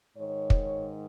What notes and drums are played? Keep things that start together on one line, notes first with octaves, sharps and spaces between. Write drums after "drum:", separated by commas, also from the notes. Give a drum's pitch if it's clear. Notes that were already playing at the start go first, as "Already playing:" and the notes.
G#2 D#3 C#5
drum: kick